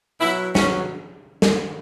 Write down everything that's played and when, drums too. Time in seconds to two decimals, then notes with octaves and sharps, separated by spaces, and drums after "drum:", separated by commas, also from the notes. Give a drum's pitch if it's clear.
0.21 B2 F#3 E4
0.55 B2 F#3 C#4, drum: snare
1.42 drum: snare